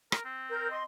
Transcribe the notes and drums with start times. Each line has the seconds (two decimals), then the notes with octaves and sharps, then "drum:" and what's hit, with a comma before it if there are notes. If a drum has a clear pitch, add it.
0.12 A#4, drum: rim click
0.25 C4
0.49 A#4 G6
0.70 D#5 C6